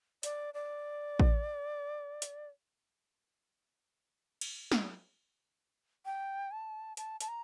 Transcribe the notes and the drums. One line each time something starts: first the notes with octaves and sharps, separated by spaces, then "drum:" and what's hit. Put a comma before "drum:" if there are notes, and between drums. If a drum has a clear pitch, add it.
D5, drum: hi-hat
D5
drum: kick A1
drum: hi-hat
drum: cymbal
drum: snare
G5
A5
A5, drum: hi-hat
A5, drum: hi-hat
A#5